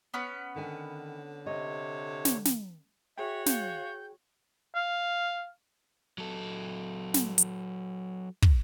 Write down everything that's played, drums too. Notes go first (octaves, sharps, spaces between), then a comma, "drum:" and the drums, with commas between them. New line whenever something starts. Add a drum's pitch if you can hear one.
B3 C#4 B4
D3 D#3 G#5
C3 C#5 D#5
drum: snare
drum: snare
F#4 G#4 C#5 E5 G5
F5 G6, drum: snare
F5
F#3 A4
drum: snare
drum: hi-hat
drum: kick